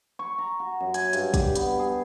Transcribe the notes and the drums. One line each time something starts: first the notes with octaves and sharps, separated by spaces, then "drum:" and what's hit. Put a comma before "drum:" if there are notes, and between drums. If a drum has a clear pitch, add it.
C#6
A#5
F#4
F#2
G#5, drum: hi-hat
G2, drum: hi-hat
G4, drum: kick, hi-hat
B3, drum: hi-hat
G#4